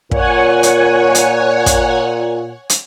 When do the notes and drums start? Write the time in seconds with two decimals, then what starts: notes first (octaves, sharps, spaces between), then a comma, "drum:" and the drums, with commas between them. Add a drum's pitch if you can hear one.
0.11 A#2 C#5 F#5 G#5, drum: kick
0.63 drum: hi-hat
1.15 drum: hi-hat
1.66 drum: kick, hi-hat
2.69 drum: hi-hat